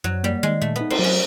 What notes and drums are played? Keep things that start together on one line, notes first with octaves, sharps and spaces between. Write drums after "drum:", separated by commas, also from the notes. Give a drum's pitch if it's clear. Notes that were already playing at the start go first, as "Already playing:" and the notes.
F#2 F#3
G3 A#3
D#3 G#3
A#2 A3
B3
D#4
C4, drum: cymbal
F#3 C#4